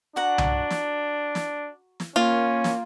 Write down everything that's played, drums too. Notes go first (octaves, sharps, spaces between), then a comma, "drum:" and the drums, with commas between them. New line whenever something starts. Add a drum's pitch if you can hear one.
D4 F#4 F#5 A#5
drum: tom C2
drum: snare
drum: snare
drum: snare
A#3 C#4 F4
drum: snare